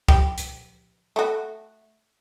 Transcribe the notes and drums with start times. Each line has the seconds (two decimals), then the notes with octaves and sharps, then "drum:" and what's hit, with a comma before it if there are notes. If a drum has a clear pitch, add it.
0.09 G4, drum: kick C2
0.38 drum: hi-hat
1.16 A3 F#4